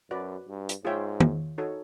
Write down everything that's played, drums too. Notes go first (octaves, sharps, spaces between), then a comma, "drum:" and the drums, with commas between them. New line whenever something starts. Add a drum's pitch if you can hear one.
F#2 F#4 B4 D5
G2
drum: hi-hat
G#2 F4 G#4 C#5 E5 G5
drum: tom
D#4 F#4 A4 C#5